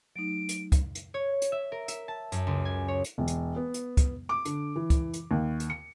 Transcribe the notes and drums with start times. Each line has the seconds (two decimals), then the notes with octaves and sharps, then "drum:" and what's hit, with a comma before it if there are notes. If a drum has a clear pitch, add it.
0.16 F#3 A3 D#4 D7
0.49 drum: hi-hat
0.72 drum: kick, hi-hat
0.95 drum: hi-hat
1.14 C#5
1.42 drum: hi-hat
1.52 E5
1.72 A#4
1.88 E5, drum: hi-hat
2.08 A5
2.32 F#2, drum: hi-hat
2.47 C#2
2.65 G#5
2.88 C#5
3.04 drum: hi-hat
3.18 E1
3.28 drum: hi-hat
3.56 B3
3.74 drum: hi-hat
3.97 drum: kick, hi-hat
4.29 D6
4.45 D3, drum: hi-hat
4.76 E3
4.90 drum: kick, hi-hat
5.13 drum: hi-hat
5.31 D#2
5.60 drum: hi-hat
5.70 C#7